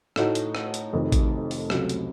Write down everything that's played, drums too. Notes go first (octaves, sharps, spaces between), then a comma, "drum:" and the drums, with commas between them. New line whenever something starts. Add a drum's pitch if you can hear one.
A2 A3 D#4 F#4, drum: rim click
drum: hi-hat
drum: rim click
drum: hi-hat
F1 F2 D#3
drum: kick A1, hi-hat
drum: open hi-hat
C#2 C3 F#3 A3, drum: rim click
drum: hi-hat